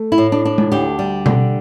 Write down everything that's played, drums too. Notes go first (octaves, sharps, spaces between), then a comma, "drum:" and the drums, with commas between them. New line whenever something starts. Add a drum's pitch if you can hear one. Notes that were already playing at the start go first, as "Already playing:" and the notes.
Already playing: A3
E4
A2
D4
D4
drum: tom G#3
D2 D4 G4
G3
D3, drum: tom B2